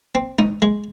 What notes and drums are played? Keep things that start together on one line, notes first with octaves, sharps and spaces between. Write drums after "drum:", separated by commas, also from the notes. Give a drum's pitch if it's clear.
C4
D#4, drum: tom G#3
G#3